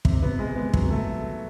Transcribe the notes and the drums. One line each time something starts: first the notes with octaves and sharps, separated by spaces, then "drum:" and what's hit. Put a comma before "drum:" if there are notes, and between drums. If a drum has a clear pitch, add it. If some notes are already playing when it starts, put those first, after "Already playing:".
C3, drum: kick
B3
G#3
B3
F#3, drum: kick
A3